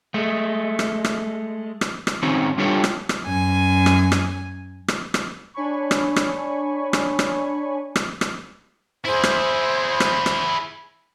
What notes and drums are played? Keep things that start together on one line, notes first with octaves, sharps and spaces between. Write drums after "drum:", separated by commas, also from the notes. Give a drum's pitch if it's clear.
G#3 A3
drum: rim click
drum: rim click
drum: rim click
drum: rim click
D#3 C4 C#4 D#4 F#4
G3 D4 F4 G4 A4 C#5
drum: rim click
drum: rim click
F#2 G#5
drum: rim click
drum: rim click
drum: rim click
drum: rim click
D4 C#5 G#5 B5 C#6
drum: rim click
drum: rim click
drum: rim click
drum: rim click
drum: rim click
drum: rim click
E4 G#4 C5
drum: rim click
drum: rim click
drum: rim click